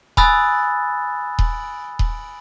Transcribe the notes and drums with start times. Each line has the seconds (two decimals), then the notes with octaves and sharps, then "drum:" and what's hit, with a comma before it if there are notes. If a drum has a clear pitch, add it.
0.17 G#5 B5 D#6 E6 F#6 A6, drum: kick D#1
1.39 drum: kick D#1
1.99 drum: kick D#1